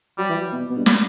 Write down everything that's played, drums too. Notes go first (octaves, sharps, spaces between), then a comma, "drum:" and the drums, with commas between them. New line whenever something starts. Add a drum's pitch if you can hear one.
F#3 G3
E3
F#3
B2
B2
G2
G3, drum: snare